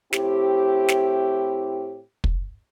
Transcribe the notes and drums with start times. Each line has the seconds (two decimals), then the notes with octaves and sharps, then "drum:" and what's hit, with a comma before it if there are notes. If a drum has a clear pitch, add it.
0.13 A2 C4 E4 G4, drum: snare
0.89 drum: snare
2.24 drum: kick